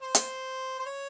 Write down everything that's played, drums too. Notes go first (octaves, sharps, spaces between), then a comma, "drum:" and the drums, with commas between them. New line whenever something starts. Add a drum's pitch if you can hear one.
C5
drum: hi-hat
C5
C#5